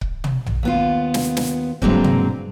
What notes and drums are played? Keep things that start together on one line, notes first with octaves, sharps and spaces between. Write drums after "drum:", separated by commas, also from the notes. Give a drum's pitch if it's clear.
drum: kick C#1
drum: tom
drum: tom A#1
D#2 B3 F4
drum: snare
drum: snare
G2 D3 F#3 G#3 A#3 C4, drum: kick C#1
drum: tom